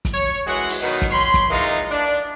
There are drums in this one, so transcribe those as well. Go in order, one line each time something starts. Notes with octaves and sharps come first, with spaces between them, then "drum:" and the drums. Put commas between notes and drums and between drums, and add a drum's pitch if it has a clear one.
drum: kick, hi-hat
C#5
F#2 E3 G#3 F#4 F#5
drum: open hi-hat
B2 D#3 F#3 D#4 B4
drum: kick, hi-hat
C#5 B5 C6
drum: kick, hi-hat
E3 G#3 A#3 D#4 F4
D4